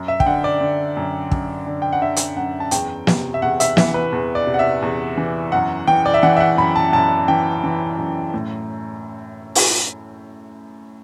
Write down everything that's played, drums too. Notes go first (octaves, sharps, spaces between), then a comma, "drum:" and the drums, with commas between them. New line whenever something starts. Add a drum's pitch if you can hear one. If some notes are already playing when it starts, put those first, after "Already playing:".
Already playing: F#2
E5
G5, drum: kick
D3 F#5
D5
D3
F#2
F#2, drum: kick
D3
G5
F#5
D3 E5
drum: hi-hat
F#2 F#5
A5
E2 G5, drum: hi-hat
C3, drum: snare
E5
E2 F#5
E5, drum: hi-hat
E3 E5, drum: snare
B4
E2
D5
C3
F#5
E5
E2
E3
F#2 F#5
E3 G5
D5
E5
E3 F#5
E5
F#5
F#2 B5
A5
F#2 A5
E3 G5
E3
F#2
A2
drum: open hi-hat